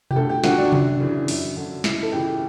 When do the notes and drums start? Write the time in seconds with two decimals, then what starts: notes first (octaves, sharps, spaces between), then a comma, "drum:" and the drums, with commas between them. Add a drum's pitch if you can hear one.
0.11 G4, drum: tom B2
0.16 D2 A4
0.29 G4
0.44 D3 F#4, drum: snare
0.58 D4
0.72 F#2, drum: tom C3
1.00 C#3 E3
1.28 F#2, drum: open hi-hat
1.57 D3
1.84 C#2 E4, drum: snare
2.03 A4
2.13 C#3 E3 G4